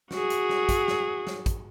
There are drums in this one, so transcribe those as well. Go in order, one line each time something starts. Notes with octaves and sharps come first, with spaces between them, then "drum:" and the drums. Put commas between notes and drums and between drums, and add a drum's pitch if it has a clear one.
F#4 G#4, drum: snare
drum: hi-hat
drum: snare
drum: kick, hi-hat
drum: snare
drum: snare
drum: kick, hi-hat